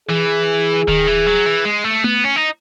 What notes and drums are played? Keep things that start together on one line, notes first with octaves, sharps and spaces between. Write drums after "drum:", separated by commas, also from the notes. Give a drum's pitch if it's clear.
E3 G#4
D#3, drum: kick D1
E3
F#3
E3
G#3
A3
B3, drum: tom A3
C#4
D#4